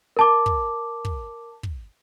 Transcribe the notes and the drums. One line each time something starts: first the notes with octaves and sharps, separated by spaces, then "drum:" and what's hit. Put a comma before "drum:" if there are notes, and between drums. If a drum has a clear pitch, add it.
A#4 A5 D6
drum: kick
drum: kick
drum: kick